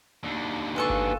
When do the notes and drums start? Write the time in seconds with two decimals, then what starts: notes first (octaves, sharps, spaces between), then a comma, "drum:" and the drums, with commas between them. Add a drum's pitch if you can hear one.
0.24 D#2 D3
0.76 F4 A4 B4 G#5 C#6
0.90 drum: kick G1